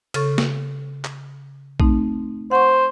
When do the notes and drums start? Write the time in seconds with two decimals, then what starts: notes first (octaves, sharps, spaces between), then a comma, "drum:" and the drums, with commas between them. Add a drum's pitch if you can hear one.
0.14 C#3 A4 C#6, drum: cymbal
0.38 drum: snare
1.04 drum: clap
1.80 A3 C4 D#4, drum: kick A#1
2.51 C5 F#5 C#6